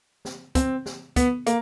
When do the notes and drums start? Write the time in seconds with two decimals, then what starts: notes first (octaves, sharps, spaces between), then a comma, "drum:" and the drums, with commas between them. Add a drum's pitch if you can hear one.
0.25 drum: snare
0.55 C4, drum: kick, hi-hat
0.86 drum: snare
1.16 B3, drum: kick, hi-hat
1.46 A#3, drum: hi-hat